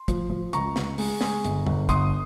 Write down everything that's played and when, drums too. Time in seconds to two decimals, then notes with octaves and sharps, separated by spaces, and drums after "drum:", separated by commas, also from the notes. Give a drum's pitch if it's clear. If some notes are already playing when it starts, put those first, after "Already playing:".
Already playing: C6
0.08 F3, drum: kick, hi-hat
0.30 F3
0.53 C#2 A#5 C#6, drum: hi-hat
0.76 C#2, drum: snare
0.98 G#3, drum: open hi-hat
1.21 G#3, drum: snare
1.45 G1, drum: hi-hat
1.66 G1, drum: tom E2
1.89 G1 C6 D#6, drum: kick, hi-hat